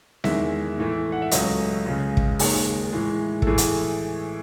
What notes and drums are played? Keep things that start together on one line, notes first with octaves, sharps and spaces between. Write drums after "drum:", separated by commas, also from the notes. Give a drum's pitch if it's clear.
E2 D#3 G#3 E5, drum: snare C4
A2 E3 A3
F#5
E5
C#2 C#3 F#3 A3 D#5, drum: hi-hat
C#2 C#3 G#3
drum: kick
D#2 D#3 G#3, drum: open hi-hat
A2 E3 G#3
A4, drum: kick
A2 E3 A3 G#4
drum: hi-hat